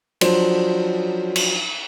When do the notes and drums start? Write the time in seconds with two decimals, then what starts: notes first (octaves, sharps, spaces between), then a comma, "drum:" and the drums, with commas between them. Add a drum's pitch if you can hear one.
0.21 F3 F#3 D4 C5, drum: cymbal
1.36 drum: cymbal